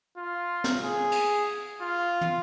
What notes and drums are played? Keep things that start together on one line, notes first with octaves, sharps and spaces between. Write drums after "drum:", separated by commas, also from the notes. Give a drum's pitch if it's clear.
F4
drum: snare
G#4
drum: cymbal
F4
drum: tom